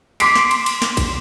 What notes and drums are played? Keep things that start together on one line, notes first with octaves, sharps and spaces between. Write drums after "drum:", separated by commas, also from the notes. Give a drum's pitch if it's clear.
C6 D6 B6 C7 D7, drum: cymbal
drum: snare
drum: cymbal
drum: cymbal
drum: snare
drum: kick, cymbal